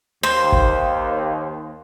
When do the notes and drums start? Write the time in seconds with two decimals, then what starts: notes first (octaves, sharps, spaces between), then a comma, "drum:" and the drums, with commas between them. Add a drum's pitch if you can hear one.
0.23 D#2 C5
0.52 drum: kick